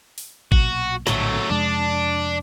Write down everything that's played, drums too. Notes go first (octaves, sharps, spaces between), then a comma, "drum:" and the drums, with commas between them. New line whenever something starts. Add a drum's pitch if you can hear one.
drum: open hi-hat
B1 A#2 F#4, drum: kick G#1
A#1 A2 D3 F#3 A3, drum: snare
F2 C3 G#3 D4